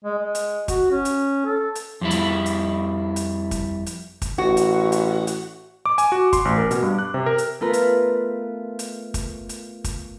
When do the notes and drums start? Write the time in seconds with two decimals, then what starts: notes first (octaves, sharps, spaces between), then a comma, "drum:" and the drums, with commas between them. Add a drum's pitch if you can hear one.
0.04 G#3
0.18 G#3
0.35 drum: hi-hat
0.68 F#4, drum: kick, hi-hat
0.91 C#4
1.05 drum: hi-hat
1.46 A4
1.75 drum: hi-hat
2.01 F2 G3 E4
2.11 drum: hi-hat
2.46 drum: hi-hat
3.16 drum: hi-hat
3.51 drum: kick, hi-hat
3.86 drum: hi-hat
4.22 drum: kick, hi-hat
4.38 A1 F#4
4.57 drum: hi-hat
4.92 drum: hi-hat
5.27 drum: hi-hat
5.86 D6
5.98 G#5, drum: hi-hat
6.12 F#4
6.33 C6, drum: kick, hi-hat
6.45 A1
6.58 A#4
6.71 B2, drum: hi-hat
6.82 G2
6.99 F#6
7.14 C3
7.26 A#4
7.38 drum: hi-hat
7.61 A3 B3 F4 A#4 B4
7.73 drum: hi-hat
8.79 drum: hi-hat
9.14 drum: kick, hi-hat
9.49 drum: hi-hat
9.84 drum: kick, hi-hat